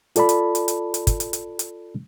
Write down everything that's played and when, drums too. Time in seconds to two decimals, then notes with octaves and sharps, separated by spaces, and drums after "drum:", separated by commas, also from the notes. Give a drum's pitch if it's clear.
0.16 F4 A4 D5 A5 B5, drum: hi-hat
0.29 drum: hi-hat
0.55 drum: hi-hat
0.68 drum: hi-hat
0.94 drum: hi-hat
1.07 drum: kick, hi-hat
1.20 drum: hi-hat
1.33 drum: hi-hat
1.59 drum: hi-hat